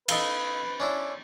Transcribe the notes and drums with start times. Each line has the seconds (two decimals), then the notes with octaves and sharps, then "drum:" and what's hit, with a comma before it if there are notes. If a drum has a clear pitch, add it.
0.08 D#4 A4 B4 F5, drum: cymbal
0.80 C#4 D4 E4